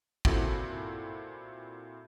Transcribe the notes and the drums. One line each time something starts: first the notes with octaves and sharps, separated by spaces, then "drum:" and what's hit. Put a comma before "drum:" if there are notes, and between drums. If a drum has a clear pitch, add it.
A#2 C4 E4 F#4 A4, drum: kick